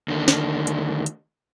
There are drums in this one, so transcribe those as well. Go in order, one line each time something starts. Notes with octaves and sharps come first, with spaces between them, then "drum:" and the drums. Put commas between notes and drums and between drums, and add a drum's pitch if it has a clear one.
D#2 D3
drum: snare
drum: hi-hat
drum: hi-hat